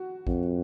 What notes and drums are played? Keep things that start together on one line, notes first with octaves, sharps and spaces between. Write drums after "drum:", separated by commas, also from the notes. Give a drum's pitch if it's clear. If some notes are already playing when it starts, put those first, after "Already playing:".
Already playing: F#4
F2, drum: kick A1